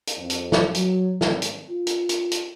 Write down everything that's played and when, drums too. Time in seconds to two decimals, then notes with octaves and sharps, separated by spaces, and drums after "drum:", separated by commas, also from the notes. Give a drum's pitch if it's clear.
0.07 drum: hi-hat
0.17 F2
0.30 drum: hi-hat
0.52 drum: snare
0.74 F#3, drum: hi-hat
1.21 G#1, drum: snare
1.42 drum: hi-hat
1.69 F4
1.87 drum: hi-hat
2.09 drum: hi-hat
2.31 drum: hi-hat